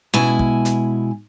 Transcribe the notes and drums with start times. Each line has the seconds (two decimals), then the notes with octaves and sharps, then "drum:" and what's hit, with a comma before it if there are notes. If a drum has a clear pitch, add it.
0.14 B2 G#3 E4 G#5, drum: snare C#4
0.39 drum: kick
0.65 drum: hi-hat